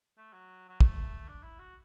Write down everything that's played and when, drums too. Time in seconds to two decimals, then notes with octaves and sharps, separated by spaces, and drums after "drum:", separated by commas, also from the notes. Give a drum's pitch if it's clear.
0.18 A3
0.33 F#3
0.69 F#3
0.80 A3, drum: kick
1.28 D4
1.43 E4
1.59 F#4